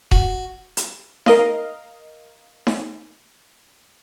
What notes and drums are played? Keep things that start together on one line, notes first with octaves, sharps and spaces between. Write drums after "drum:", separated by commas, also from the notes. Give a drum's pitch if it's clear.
F#4, drum: kick D#1
drum: hi-hat
A#4 D#5 F5, drum: snare D#4
drum: snare D#4